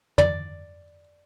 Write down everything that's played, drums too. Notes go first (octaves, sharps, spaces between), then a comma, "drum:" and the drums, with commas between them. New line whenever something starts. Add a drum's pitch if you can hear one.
D5, drum: tom